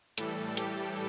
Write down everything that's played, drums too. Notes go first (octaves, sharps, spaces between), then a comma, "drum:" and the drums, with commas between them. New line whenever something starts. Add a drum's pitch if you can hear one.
A2 E3 G3 A4, drum: hi-hat
G4, drum: hi-hat